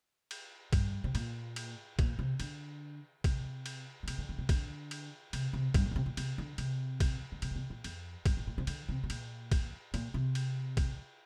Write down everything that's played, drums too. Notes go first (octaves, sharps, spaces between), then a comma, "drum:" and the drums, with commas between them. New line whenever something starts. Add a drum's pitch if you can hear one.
drum: cymbal
G2, drum: kick, cymbal
C3
A#2, drum: cymbal
drum: cymbal
A#2, drum: kick, cymbal
C3
D3, drum: cymbal
C3, drum: kick, cymbal
drum: cymbal
D3
C3, drum: cymbal
D3
D3
C3
D3, drum: kick, cymbal
drum: cymbal
C3, drum: cymbal
C3
G2, drum: kick, cymbal
A#2
D3
C3
A#2
C3, drum: cymbal
D3
C3, drum: cymbal
drum: kick, cymbal
D3
C3, drum: cymbal
A#2
C3
A#2
F2, drum: cymbal
G2, drum: kick, cymbal
A#2
A#2
C3
D3, drum: cymbal
C3
C3
A#2, drum: cymbal
drum: kick, cymbal
A#2, drum: cymbal
C3
drum: cymbal
drum: kick, cymbal